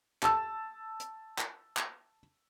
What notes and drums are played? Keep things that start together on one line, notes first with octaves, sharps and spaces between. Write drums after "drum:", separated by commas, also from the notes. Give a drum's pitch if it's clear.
A5 E6, drum: clap
drum: hi-hat
drum: clap
drum: clap